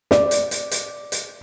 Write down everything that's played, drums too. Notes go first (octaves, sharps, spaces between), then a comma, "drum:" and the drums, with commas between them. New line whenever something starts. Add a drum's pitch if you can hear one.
D5, drum: snare
drum: hi-hat
drum: hi-hat
drum: hi-hat
drum: hi-hat